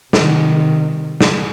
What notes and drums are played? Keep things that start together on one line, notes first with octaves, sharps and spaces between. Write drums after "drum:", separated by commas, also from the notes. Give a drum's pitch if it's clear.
C3 D#3, drum: snare
drum: snare